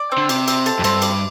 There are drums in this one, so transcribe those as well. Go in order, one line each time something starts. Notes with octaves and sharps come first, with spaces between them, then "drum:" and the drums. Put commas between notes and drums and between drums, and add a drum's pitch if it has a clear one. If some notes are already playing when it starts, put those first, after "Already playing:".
Already playing: D5
C4
D3
C3 D5, drum: cymbal
C4, drum: cymbal
A4, drum: cymbal
F2
G2 C4, drum: cymbal
D5, drum: cymbal